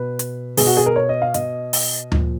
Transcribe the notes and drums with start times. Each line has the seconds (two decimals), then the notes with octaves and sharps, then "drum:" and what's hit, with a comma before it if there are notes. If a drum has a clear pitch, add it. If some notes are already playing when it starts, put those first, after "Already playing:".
Already playing: B2 B4
0.19 drum: hi-hat
0.57 B2 G#4, drum: open hi-hat
0.67 F#4
0.77 G#4
0.86 A#4
0.96 C#5
1.09 D#5
1.22 F5
1.34 B2 D#5, drum: hi-hat
1.73 drum: open hi-hat
2.12 A#2 F3, drum: tom D2